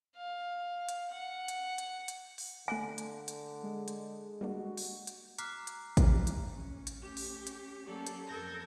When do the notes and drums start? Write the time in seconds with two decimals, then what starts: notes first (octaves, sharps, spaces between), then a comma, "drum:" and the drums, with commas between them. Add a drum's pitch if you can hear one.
0.17 F5
0.89 drum: hi-hat
1.12 F#5
1.48 drum: hi-hat
1.78 drum: hi-hat
2.08 drum: hi-hat
2.38 drum: open hi-hat
2.68 D3 A3 G#5 F#6 A#6
2.98 drum: hi-hat
3.28 drum: hi-hat
3.63 G#3
3.88 drum: hi-hat
4.41 G3 A#3 D4 F#4
4.77 drum: open hi-hat
5.07 drum: hi-hat
5.38 A#5 D6 F6 F#6 B6 C7, drum: hi-hat
5.67 drum: hi-hat
5.97 drum: kick A1, hi-hat
6.27 drum: hi-hat
6.49 C#4
6.87 drum: hi-hat
6.97 A3 C#4 G4
7.17 drum: open hi-hat
7.47 drum: hi-hat
7.85 F#3 A#3 C#4 G4 A4 D5
8.07 drum: hi-hat
8.28 F2 A4 A#4 G6 G#6 A#6